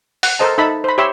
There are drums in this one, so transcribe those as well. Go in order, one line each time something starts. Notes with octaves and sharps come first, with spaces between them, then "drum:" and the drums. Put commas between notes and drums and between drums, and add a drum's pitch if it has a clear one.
F#5, drum: open hi-hat
A4 A#4 C5 D#5 A5
D#4 A4 E5 B5
C5 B5
G4 C#5 E5 B5 C6 E6